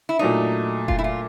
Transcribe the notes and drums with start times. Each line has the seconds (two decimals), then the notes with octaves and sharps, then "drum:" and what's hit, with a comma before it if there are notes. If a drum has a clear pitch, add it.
0.09 E4
0.19 A#2 F#3 A3 D4 D#4
0.88 F4, drum: kick F1
0.99 E4
1.04 F4